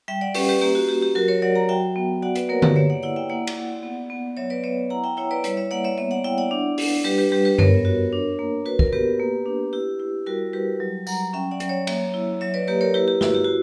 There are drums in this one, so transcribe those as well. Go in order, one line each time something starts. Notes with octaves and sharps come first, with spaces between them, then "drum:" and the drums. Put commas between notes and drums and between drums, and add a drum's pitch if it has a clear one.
G3 E5 G5
D5 F#5
C#4 G4 B4, drum: open hi-hat
G4 B4
A#3 G4
F#4
F#4 G4
G4
F#3 F#4 A#4
A#4 C#5
F#3 D5 F#5
F#5 A#5
F#4 E5 G5
B3
F#4 D5 F#5
B4 D5, drum: hi-hat
A#3 A#4 C#5
G4 B4, drum: tom D3
A#3 C#5 E5
D5 F#5
E4 D5 F#5
E5 G5
A#3 D5 F#5
drum: cymbal
A#3
B3
B3
F#3 C#5 E5
B4 D5
B3 C#5 E5
E4 F#5 A#5
E5 G5
E4 C#5 E5
B4 D5
G3 C#5 E5, drum: hi-hat
C#5 E5
A#3 D5 F#5
C#5 E5
B3 C#5 E5
D5 F#5
E4 E5 G5
D5 F#5
D4
D4, drum: open hi-hat
G3 G4 B4
G4 B4
G3 G4
G4 B4
B3 A#4 C#5, drum: tom F#2
F#4
D4
A#3
F#4 B4
A#4, drum: kick
B3 G4 B4
A#3
D4
E4 G4
E4
G3 F#4 A#4
G3 G4 B4
F#3
F#3 F#5 A#5, drum: tambourine
C#4 E5 G5
D5 F#5
F#3, drum: hi-hat
C#5 E5
A#3 C#5 E5, drum: cymbal
E4
F#3 C#5 E5
B4 D5
A#3 G4 B4
A#4 C#5
E4 G4 B4
G4
E4 F#4, drum: snare
G4
F#4